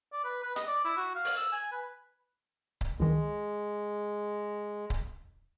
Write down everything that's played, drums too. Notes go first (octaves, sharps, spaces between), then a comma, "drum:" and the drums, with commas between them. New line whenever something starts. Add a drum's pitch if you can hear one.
D5
B4
B4
D#5, drum: hi-hat
D5
E4
F#4
F5
drum: open hi-hat
E6
G#5
B4
drum: kick C#1
C#2 D#3 G#3
drum: kick C#1